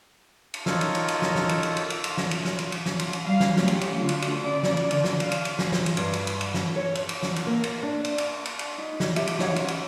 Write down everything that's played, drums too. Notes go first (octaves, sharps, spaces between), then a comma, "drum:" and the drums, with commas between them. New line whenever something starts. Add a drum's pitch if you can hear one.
drum: cymbal
D#4 F4 A4 A#4 C#5, drum: snare
drum: cymbal
drum: cymbal
drum: cymbal
drum: snare
drum: snare
drum: cymbal
drum: cymbal
drum: cymbal
drum: cymbal
drum: cymbal
drum: snare
drum: cymbal
drum: snare
drum: cymbal
drum: cymbal
drum: snare
drum: cymbal
drum: cymbal
G3 F5
drum: snare
F#3 A3 C#4 G4, drum: snare
drum: cymbal
drum: cymbal
D3 F4 F#4
drum: cymbal
drum: cymbal
C#3 D5
drum: snare
drum: cymbal
D3, drum: cymbal
drum: snare
F5, drum: cymbal
drum: cymbal
drum: cymbal
drum: snare
drum: snare
drum: cymbal
G2, drum: cymbal
drum: cymbal
drum: cymbal
drum: cymbal
drum: snare
C#5
drum: cymbal
drum: cymbal
drum: snare
drum: cymbal
A#3
drum: cymbal
D4
drum: cymbal
drum: cymbal
drum: cymbal
drum: cymbal
D#4
drum: snare
G4 E5, drum: cymbal
drum: cymbal
D#4 C#5 F5 F#5, drum: snare
C#4 C#5, drum: cymbal
drum: cymbal